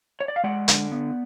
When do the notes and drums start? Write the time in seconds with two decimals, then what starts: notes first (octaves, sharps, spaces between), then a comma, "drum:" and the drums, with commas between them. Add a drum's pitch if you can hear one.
0.20 C#5
0.28 D5
0.36 F5
0.44 G#3 D5 F#5
0.68 D3, drum: hi-hat
0.92 B3